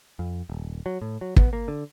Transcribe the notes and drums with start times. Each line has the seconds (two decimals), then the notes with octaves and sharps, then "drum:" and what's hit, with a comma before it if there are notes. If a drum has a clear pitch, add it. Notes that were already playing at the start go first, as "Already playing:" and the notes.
0.19 F2
0.50 D#1
0.86 F#3
1.02 A2
1.21 F#3
1.36 B3, drum: kick
1.53 A#3
1.68 D3